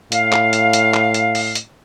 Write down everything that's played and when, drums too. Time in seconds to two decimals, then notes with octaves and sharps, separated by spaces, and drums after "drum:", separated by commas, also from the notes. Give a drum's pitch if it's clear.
0.12 A2 F5, drum: hi-hat
0.32 drum: clap
0.53 drum: hi-hat
0.73 drum: hi-hat
0.94 drum: clap
1.14 drum: hi-hat
1.35 drum: open hi-hat
1.55 drum: hi-hat